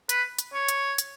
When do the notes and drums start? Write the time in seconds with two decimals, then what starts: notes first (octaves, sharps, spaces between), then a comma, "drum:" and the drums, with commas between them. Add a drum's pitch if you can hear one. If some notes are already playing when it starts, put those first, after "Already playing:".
0.09 B4, drum: hi-hat
0.39 drum: hi-hat
0.54 C#5
0.68 drum: hi-hat
0.98 drum: hi-hat